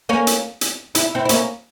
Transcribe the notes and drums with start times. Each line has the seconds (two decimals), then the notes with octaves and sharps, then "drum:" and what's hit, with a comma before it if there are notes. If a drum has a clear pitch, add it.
0.09 A#3 C#4
0.27 drum: hi-hat
0.61 drum: hi-hat
0.95 E4, drum: hi-hat
1.15 C4 E4
1.25 E4
1.29 A#3 C#4, drum: hi-hat